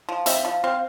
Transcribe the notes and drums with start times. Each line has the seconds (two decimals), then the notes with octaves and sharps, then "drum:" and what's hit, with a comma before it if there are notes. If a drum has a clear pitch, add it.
0.09 F3
0.26 C4 E5, drum: hi-hat
0.45 F3
0.64 C4 F5